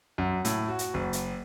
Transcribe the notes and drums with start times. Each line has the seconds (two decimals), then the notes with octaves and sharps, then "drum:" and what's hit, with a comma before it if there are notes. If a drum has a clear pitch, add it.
0.18 F#2
0.45 A2, drum: hi-hat
0.68 F#4
0.79 drum: hi-hat
0.94 F#1
1.13 drum: hi-hat